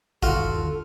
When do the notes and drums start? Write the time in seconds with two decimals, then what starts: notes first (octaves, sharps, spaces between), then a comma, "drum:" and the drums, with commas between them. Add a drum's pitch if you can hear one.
0.23 G1 D#2 D3 F4 F#4 A4, drum: kick